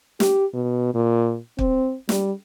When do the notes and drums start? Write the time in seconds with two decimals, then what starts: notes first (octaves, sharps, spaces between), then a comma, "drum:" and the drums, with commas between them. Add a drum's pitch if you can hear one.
0.20 G4, drum: snare
0.54 B2
0.95 A#2
1.59 C4, drum: kick
2.09 G3, drum: snare